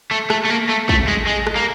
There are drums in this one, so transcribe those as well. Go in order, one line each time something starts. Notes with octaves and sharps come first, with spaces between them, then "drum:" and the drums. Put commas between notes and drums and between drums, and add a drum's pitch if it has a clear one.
A3
A3, drum: rim click
A3
A#3
A3
A3, drum: kick
G#3
G#3
drum: rim click
A#3